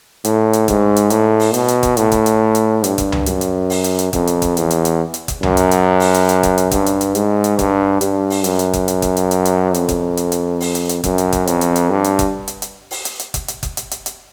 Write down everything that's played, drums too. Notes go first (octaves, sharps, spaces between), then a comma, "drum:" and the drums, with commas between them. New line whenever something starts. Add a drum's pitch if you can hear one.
A2, drum: hi-hat
drum: hi-hat
G#2, drum: kick F#1, hi-hat
drum: hi-hat
A2, drum: hi-hat
drum: open hi-hat
B2, drum: hi-hat
drum: hi-hat
drum: kick F#1, hi-hat
A2, drum: hi-hat
drum: kick F#1, hi-hat
drum: hi-hat
drum: hi-hat
G2, drum: hi-hat
drum: kick F#1, hi-hat
drum: tom C#2
F#2, drum: hi-hat
drum: hi-hat
drum: open hi-hat
drum: hi-hat
drum: hi-hat
F2, drum: kick F#1, hi-hat
drum: hi-hat
drum: kick F#1, hi-hat
E2, drum: hi-hat
drum: hi-hat
drum: hi-hat
drum: hi-hat
drum: kick F#1, hi-hat
F#2, drum: tom C#2
drum: hi-hat
drum: hi-hat
drum: open hi-hat
drum: hi-hat
drum: hi-hat
drum: kick F#1, hi-hat
drum: hi-hat
G2, drum: kick F#1, hi-hat
drum: hi-hat
drum: hi-hat
G#2, drum: hi-hat
drum: hi-hat
G2, drum: kick F#1, hi-hat
G2, drum: hi-hat
drum: open hi-hat
F#2, drum: hi-hat
drum: hi-hat
drum: kick F#1, hi-hat
drum: hi-hat
drum: kick F#1, hi-hat
drum: hi-hat
drum: hi-hat
drum: hi-hat
F2, drum: hi-hat
drum: kick F#1, hi-hat
drum: hi-hat
drum: hi-hat
drum: open hi-hat
drum: hi-hat
drum: hi-hat
F#2, drum: kick F#1, hi-hat
drum: hi-hat
drum: kick F#1, hi-hat
F2, drum: hi-hat
drum: hi-hat
drum: hi-hat
G2
drum: hi-hat
drum: kick F#1, hi-hat
drum: hi-hat
drum: hi-hat
drum: open hi-hat
drum: hi-hat
drum: hi-hat
drum: kick F#1, hi-hat
drum: hi-hat
drum: kick F#1, hi-hat
drum: hi-hat
drum: hi-hat
drum: hi-hat